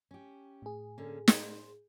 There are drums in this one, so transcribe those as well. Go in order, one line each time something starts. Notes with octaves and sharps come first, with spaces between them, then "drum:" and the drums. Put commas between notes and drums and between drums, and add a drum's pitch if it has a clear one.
C#4 G4
A2 G#4
D3 A#3 C#4
C5, drum: snare